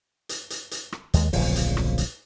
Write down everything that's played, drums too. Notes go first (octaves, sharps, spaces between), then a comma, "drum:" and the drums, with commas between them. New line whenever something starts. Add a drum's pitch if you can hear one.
drum: hi-hat
drum: hi-hat
drum: hi-hat
drum: rim click
D#2 G#3, drum: hi-hat
D1 A#1 C#3 F3, drum: open hi-hat
drum: hi-hat
drum: rim click
drum: hi-hat